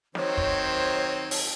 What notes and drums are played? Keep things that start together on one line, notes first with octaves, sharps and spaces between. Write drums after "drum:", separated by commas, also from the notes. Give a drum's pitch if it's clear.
D#3 F#3 C4 C5 C#5, drum: snare
drum: kick
drum: open hi-hat